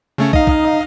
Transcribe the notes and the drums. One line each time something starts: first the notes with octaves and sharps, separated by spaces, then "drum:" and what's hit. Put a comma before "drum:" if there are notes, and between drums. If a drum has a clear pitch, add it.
C#3 A3 C#4
D#4 D#5 F5, drum: kick
drum: kick